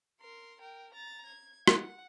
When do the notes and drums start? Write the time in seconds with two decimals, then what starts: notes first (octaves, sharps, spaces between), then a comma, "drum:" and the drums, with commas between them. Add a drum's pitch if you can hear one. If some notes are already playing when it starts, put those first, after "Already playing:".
0.20 A#4 C6
0.60 A#4 G5
0.93 A#5 A6
1.26 G#6
1.67 F#5, drum: rim click